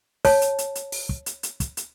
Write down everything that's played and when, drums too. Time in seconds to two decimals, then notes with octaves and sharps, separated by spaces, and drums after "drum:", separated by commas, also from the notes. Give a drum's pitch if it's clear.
0.25 C#5 A5, drum: kick, open hi-hat
0.42 drum: hi-hat
0.58 drum: hi-hat
0.75 drum: hi-hat
0.92 drum: open hi-hat
1.09 drum: kick
1.26 drum: hi-hat
1.43 drum: hi-hat
1.60 drum: kick, hi-hat
1.77 drum: hi-hat